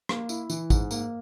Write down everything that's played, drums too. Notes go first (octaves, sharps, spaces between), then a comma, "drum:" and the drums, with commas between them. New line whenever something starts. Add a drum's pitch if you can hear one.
A#3, drum: rim click
E4, drum: tambourine
E3, drum: tambourine
G#2, drum: kick, tambourine
A#3, drum: tambourine